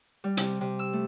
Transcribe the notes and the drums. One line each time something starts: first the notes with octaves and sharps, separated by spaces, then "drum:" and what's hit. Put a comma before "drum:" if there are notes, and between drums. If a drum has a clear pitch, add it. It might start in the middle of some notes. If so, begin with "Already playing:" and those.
G3
C3, drum: hi-hat
C3
E6
A3